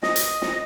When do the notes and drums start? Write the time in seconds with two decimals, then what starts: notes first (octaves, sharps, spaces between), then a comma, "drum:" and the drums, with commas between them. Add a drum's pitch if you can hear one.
0.03 D#5, drum: snare
0.16 drum: hi-hat
0.42 drum: snare